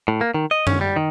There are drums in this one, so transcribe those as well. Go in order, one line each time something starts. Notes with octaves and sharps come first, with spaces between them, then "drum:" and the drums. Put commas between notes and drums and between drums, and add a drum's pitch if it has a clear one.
A2
A#3
D#3
D#5
C#4, drum: tom
G3
D#3